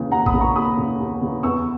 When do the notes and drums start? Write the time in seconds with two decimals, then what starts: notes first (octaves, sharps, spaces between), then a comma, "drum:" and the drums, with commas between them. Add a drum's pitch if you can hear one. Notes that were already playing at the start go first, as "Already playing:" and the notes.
Already playing: D#2 C#3 E3
0.12 D#2 F#5 A#5
0.26 B5 D#6, drum: kick A#1
0.34 C#3 E3
0.41 A#5 C#6
0.56 D#2 B5 D#6
0.77 C#3 E3
1.00 D#2
1.21 C#3 E3
1.43 E2 C#6 E6